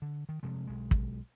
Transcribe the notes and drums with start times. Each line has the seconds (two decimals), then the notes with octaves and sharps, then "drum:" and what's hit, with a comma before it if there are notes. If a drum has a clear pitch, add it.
0.02 D3
0.29 D#3
0.43 C3 F3 G#3
0.67 B1 G#3
0.91 drum: kick